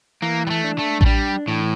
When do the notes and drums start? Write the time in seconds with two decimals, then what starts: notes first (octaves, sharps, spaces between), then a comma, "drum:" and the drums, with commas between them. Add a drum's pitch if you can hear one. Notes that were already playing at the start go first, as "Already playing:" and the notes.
0.22 E3 A#3
0.47 G3
0.50 A3
0.64 D4
0.79 A3
1.01 A3, drum: kick A1
1.06 G3 D4
1.48 A2 E3